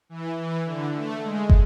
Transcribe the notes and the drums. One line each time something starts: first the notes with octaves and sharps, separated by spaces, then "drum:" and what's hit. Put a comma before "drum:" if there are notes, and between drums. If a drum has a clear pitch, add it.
E3
E3
D3
A3
G#3
drum: kick